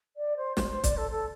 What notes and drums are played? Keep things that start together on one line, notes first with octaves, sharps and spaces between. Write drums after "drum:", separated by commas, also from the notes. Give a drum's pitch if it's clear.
D5
C5
C5, drum: snare
C5
D5, drum: kick, hi-hat
A4
A4